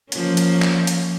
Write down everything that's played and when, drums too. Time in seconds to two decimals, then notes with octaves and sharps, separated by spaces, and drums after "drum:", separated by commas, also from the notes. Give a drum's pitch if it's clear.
0.12 F3 A#3 C#4, drum: hi-hat
0.37 drum: hi-hat
0.62 drum: clap
0.87 drum: hi-hat